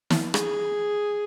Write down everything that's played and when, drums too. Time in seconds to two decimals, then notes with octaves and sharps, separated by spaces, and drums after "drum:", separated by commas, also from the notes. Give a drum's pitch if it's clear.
0.10 drum: snare
0.34 G#4, drum: rim click